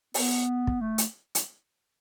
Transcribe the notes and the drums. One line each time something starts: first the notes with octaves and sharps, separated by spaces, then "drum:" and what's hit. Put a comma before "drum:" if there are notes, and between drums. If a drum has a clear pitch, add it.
B3, drum: open hi-hat
drum: kick
A3
drum: hi-hat
drum: hi-hat